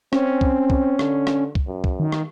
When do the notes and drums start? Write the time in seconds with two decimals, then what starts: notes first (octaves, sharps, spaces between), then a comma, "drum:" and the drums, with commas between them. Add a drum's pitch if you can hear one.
0.13 C4 C#4, drum: rim click
0.41 drum: kick C2
0.70 drum: kick C2
0.99 D3, drum: rim click
1.27 drum: rim click
1.55 drum: kick C2
1.67 F#2
1.84 drum: kick C2
2.00 D#3
2.12 drum: rim click